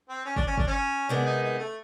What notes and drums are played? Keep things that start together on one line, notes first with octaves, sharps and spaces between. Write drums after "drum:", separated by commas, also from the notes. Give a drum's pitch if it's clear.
C4
C#4
D4, drum: kick
C#4
D4, drum: kick
C#4
C3 D#3 G#3 B3 D4
D#4
D#4
A3